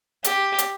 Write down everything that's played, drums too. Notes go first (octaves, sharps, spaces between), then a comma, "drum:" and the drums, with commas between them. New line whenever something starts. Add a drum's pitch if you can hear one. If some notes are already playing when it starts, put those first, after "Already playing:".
G4, drum: hi-hat
drum: hi-hat